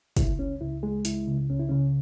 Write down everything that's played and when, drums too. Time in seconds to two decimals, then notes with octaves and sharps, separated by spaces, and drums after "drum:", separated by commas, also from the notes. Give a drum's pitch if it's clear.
0.17 C#2 E4, drum: kick, hi-hat
0.39 C#2 C#4
0.61 C#2 E4
0.83 G#3 G#4
1.05 C#2 E4, drum: hi-hat
1.27 C#3
1.49 C#2 C#4
1.59 E4
1.69 C#3 C#4